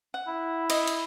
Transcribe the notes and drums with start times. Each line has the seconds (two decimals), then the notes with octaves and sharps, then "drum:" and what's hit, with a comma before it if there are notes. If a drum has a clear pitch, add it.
0.14 F#5
0.27 E4
0.70 D#5, drum: cymbal
0.88 drum: cymbal